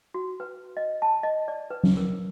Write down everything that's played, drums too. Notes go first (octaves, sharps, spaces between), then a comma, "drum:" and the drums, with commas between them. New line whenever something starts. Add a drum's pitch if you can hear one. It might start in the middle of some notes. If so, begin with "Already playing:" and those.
F#4
B4
D#5
A5
D#5
D5
B4
drum: tom F#3
A#4